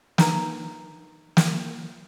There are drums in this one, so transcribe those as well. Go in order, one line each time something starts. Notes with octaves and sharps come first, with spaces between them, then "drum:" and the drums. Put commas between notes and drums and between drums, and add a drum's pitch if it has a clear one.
D4 D#4 A#4 B4 A#5, drum: snare
drum: snare